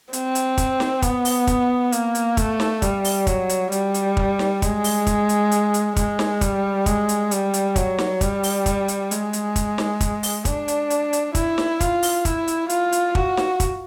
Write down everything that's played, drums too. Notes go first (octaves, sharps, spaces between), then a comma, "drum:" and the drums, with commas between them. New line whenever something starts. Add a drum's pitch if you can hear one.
C4, drum: hi-hat
drum: hi-hat
drum: kick, hi-hat
drum: snare
B3, drum: kick, hi-hat
drum: open hi-hat
drum: kick, hi-hat
A#3, drum: hi-hat
drum: hi-hat
A3, drum: kick, hi-hat
drum: snare
G3, drum: kick, hi-hat
drum: open hi-hat
F#3, drum: kick, hi-hat
drum: hi-hat
G3, drum: hi-hat
drum: hi-hat
drum: kick
drum: snare
G#3, drum: kick, hi-hat
drum: open hi-hat
drum: kick, hi-hat
drum: hi-hat
drum: hi-hat
drum: hi-hat
G#3, drum: kick, hi-hat
drum: snare
G3, drum: kick, hi-hat
G#3, drum: kick, hi-hat
drum: hi-hat
G3, drum: hi-hat
drum: hi-hat
F#3, drum: kick, hi-hat
drum: snare
G3, drum: kick, hi-hat
drum: open hi-hat
drum: kick, hi-hat
drum: hi-hat
G#3, drum: hi-hat
drum: hi-hat
drum: kick, hi-hat
drum: snare
drum: kick, hi-hat
drum: open hi-hat
D4, drum: kick, hi-hat
drum: hi-hat
drum: hi-hat
drum: hi-hat
E4, drum: kick, hi-hat
drum: snare
F4, drum: kick, hi-hat
drum: open hi-hat
E4, drum: kick, hi-hat
drum: hi-hat
F4, drum: hi-hat
drum: hi-hat
F#4, drum: kick
drum: snare
drum: kick, hi-hat